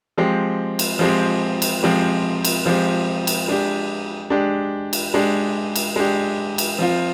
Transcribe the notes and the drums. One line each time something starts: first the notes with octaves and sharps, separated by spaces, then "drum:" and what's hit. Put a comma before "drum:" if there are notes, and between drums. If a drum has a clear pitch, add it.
F3 G#3 C4 G4
drum: cymbal
F3 G#3 C4 G4
drum: cymbal
F3 G#3 C4 G4
drum: cymbal
F3 G#3 C4 G4
drum: cymbal
G#3 D4 G4
G#3 D4 G4
drum: cymbal
G#3 D4 G4
drum: cymbal
G#3 D4 G4
drum: cymbal
F3 C4 F4